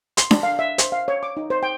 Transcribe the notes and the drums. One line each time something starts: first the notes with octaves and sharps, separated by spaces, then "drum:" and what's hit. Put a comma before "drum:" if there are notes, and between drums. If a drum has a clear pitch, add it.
C6, drum: hi-hat
D4, drum: snare D4
F5
E5
C5, drum: hi-hat
F5
C#5
D6
D#4
C5
G5